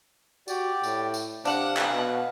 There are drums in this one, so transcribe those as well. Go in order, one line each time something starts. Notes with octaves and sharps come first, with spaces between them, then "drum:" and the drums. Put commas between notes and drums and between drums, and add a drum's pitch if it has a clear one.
F#4 G4 D5, drum: tambourine
A2, drum: tambourine
drum: tambourine
C3 D4 F5 F#5, drum: tambourine
drum: clap
B2